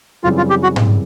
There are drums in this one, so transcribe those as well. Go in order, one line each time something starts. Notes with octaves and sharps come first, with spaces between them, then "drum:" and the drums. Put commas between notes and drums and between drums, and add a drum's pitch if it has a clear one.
F#2 C#3 E3 G3 C4 F4
F4
G4
F#4
drum: tom G#2